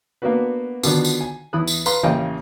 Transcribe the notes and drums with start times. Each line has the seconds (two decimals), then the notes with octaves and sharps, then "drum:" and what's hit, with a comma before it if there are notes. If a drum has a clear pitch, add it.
0.22 A#3 B3 D4 F#4 B4
0.83 B2 D3 D#3 F3 D4, drum: tambourine
1.04 drum: tambourine
1.21 G#5
1.53 E2 E4 B5 D#6 F#6
1.68 drum: tambourine
1.86 B4 F5 A#5 C6, drum: tambourine
2.03 A1 C#3 A#3 G#4 D#5 G5